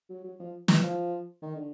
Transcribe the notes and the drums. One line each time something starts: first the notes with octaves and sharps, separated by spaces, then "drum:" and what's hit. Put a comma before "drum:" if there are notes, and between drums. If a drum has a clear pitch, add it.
F#3
F#3
F3
E3, drum: snare
F3
D#3
D3